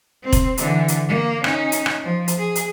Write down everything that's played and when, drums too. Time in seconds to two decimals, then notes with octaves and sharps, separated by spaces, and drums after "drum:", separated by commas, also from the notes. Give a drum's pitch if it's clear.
0.23 C4
0.33 drum: kick F1, hi-hat
0.57 D3 E3, drum: hi-hat
0.88 drum: hi-hat
1.08 A#3
1.44 C#4 D#4, drum: rim click
1.72 drum: hi-hat
1.86 drum: rim click
2.03 F3
2.28 drum: hi-hat
2.38 G#4
2.55 drum: hi-hat